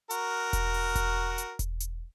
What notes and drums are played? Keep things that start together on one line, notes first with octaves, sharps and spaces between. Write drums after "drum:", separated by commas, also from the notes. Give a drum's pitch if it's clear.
F#4 A#4, drum: hi-hat
drum: kick E1, hi-hat
drum: open hi-hat
drum: kick E1, hi-hat
drum: hi-hat
drum: kick E1, hi-hat
drum: hi-hat